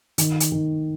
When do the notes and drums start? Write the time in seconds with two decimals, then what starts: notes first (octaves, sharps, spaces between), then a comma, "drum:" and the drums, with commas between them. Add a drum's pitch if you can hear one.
0.18 D#3, drum: hi-hat
0.40 drum: hi-hat
0.52 D#3